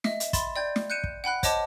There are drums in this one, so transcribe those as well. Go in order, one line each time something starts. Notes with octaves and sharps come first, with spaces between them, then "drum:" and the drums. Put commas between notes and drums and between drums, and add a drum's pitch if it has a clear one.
D#5 E5, drum: snare
drum: hi-hat
B5 C6 A6 E7, drum: kick, hi-hat
D5 G5 G6 G#6
drum: snare
F#6 G6 C#7 D#7 E7
drum: kick
F#5 G5 B5 F#6
C5 C#5 D#5 A5 D6, drum: kick, hi-hat